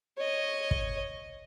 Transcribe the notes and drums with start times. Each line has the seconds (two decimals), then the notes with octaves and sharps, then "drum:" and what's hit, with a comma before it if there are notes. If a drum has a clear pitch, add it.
0.17 C#5 D#5
0.71 drum: kick